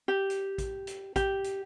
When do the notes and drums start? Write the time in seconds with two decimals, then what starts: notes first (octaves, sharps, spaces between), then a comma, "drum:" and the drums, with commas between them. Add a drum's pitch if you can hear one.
0.08 G4
0.30 drum: hi-hat
0.58 drum: kick A1, hi-hat
0.87 drum: hi-hat
1.16 G4, drum: kick A1, hi-hat
1.44 drum: hi-hat